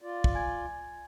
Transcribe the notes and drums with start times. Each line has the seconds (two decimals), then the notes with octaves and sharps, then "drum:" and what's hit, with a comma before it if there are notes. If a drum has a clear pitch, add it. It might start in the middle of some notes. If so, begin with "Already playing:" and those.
0.02 F4 D5
0.24 drum: kick
0.35 G#5 G#6